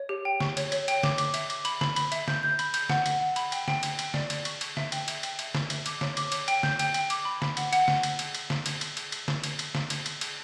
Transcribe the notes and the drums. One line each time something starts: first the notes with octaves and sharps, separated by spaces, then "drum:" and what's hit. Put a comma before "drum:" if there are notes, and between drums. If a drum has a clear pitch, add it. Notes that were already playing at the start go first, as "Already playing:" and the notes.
Already playing: C#5
G4
G5
C#6, drum: snare
C#5, drum: cymbal
C#5, drum: cymbal
G5, drum: cymbal
D6, drum: snare
D6, drum: cymbal
E5, drum: cymbal
D6, drum: cymbal
B5, drum: cymbal
B5, drum: snare
B5, drum: cymbal
E5, drum: cymbal
G6, drum: snare
G6
B5, drum: cymbal
G6, drum: cymbal
F#5, drum: snare
F#5, drum: cymbal
F#5
B5, drum: cymbal
G5, drum: cymbal
G5, drum: snare
G5, drum: cymbal
G5, drum: cymbal
D5, drum: snare
D5, drum: cymbal
C#6, drum: cymbal
C#6, drum: cymbal
E5, drum: snare
G5, drum: cymbal
E5, drum: cymbal
G5, drum: cymbal
E5, drum: cymbal
E5, drum: snare
E5, drum: cymbal
D6, drum: cymbal
C#5, drum: snare
D6, drum: cymbal
C#5, drum: cymbal
G5, drum: cymbal
G6, drum: snare
G5, drum: cymbal
G5, drum: cymbal
D6, drum: cymbal
B5
B5, drum: snare
F#5, drum: cymbal
F#5, drum: cymbal
drum: snare
drum: cymbal
drum: cymbal
drum: cymbal
drum: snare
drum: cymbal
drum: cymbal
drum: cymbal
drum: cymbal
drum: snare
drum: cymbal
drum: cymbal
drum: snare
drum: cymbal
drum: cymbal
drum: cymbal